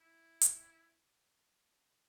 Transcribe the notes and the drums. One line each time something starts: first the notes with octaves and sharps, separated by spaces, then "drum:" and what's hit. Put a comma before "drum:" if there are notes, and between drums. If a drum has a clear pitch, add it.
E4
drum: hi-hat